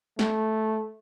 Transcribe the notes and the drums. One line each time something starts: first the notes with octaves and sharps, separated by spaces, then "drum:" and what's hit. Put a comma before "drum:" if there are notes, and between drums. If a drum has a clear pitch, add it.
A3, drum: snare